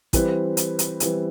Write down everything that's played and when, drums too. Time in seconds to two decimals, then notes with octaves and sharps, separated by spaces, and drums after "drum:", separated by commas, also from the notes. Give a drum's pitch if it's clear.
0.13 E3 G3 C4 E4 B4, drum: kick, hi-hat
0.57 drum: hi-hat
0.79 drum: hi-hat
1.00 E3 G3 C4 E4 B4, drum: hi-hat